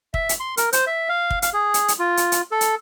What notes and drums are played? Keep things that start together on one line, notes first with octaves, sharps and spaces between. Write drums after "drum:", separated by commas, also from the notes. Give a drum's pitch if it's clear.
E5, drum: kick
drum: hi-hat
C6
A#4, drum: hi-hat
C5, drum: hi-hat
E5
F5
drum: kick
F5, drum: hi-hat
G#4
drum: hi-hat
drum: hi-hat
F4
drum: hi-hat
drum: hi-hat
A4
drum: hi-hat